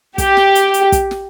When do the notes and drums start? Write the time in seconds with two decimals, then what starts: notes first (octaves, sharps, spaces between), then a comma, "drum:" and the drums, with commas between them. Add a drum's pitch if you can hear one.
0.18 G4, drum: kick, hi-hat
0.37 drum: snare
0.55 drum: hi-hat
0.74 drum: hi-hat
0.92 drum: kick, hi-hat
1.11 drum: snare